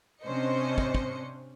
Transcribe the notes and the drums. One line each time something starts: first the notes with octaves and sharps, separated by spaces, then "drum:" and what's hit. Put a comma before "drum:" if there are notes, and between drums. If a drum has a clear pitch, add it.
C3 C#4 D4 C5 D#5 C#7
drum: kick
drum: kick